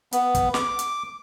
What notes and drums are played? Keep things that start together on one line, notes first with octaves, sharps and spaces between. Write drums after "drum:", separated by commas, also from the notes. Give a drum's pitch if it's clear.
B3, drum: hi-hat
drum: kick, hi-hat
D6, drum: snare
drum: hi-hat